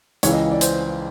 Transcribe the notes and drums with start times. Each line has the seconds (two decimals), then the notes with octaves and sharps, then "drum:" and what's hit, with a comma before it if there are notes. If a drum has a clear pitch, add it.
0.23 C#2 C#3 E3 C#5, drum: hi-hat
0.33 D#5
0.52 D5
0.61 C5, drum: hi-hat